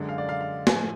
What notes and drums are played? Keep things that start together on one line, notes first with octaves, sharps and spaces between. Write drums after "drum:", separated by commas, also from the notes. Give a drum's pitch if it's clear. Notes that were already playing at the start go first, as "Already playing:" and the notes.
Already playing: F#2 D3 G#3
F5
D5
F5
F5
A2 F3 A3 G#5, drum: snare